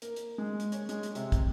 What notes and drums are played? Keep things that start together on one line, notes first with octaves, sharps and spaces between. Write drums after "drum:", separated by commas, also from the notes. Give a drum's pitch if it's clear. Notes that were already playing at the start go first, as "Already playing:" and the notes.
A#3, drum: hi-hat
drum: hi-hat
G#3
drum: hi-hat
C#5, drum: hi-hat
G#3, drum: hi-hat
drum: hi-hat
C3, drum: hi-hat
drum: kick, hi-hat